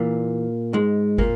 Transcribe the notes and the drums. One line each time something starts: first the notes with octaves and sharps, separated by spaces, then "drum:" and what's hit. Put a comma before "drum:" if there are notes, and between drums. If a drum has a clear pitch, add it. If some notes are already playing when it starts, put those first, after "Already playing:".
Already playing: E2 A#2 E3 A#3
G#2 G#3
A#2 A#3, drum: kick